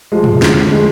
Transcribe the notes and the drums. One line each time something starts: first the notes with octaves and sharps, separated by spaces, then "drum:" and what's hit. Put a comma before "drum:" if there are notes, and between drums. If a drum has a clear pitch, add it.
F3 G#3
drum: tom
D3, drum: snare
F3 G#3